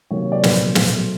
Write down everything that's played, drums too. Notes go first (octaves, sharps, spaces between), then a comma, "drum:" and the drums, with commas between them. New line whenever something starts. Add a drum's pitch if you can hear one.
C3 D#3 F#3 A#3 C#5
D5
B4, drum: snare
C5
B2 F#3 A3, drum: snare